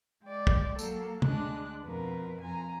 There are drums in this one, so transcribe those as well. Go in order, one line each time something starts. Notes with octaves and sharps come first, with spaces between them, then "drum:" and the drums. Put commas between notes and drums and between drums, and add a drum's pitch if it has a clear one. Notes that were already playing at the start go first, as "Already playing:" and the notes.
G#3 D5 G5
drum: kick
F#3 A#3 A4, drum: tambourine
D2 G#3 D4 F#6, drum: tom
F2 B2 A#4 B4
F2 G#5 A#5